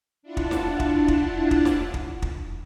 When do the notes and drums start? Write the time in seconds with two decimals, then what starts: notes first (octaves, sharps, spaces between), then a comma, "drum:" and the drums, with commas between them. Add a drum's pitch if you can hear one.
0.23 D4 E4 F4 F#5 A5
0.37 drum: kick
0.51 drum: snare
0.80 drum: kick
1.08 drum: kick
1.51 drum: kick
1.65 drum: snare
1.94 drum: kick
2.22 drum: kick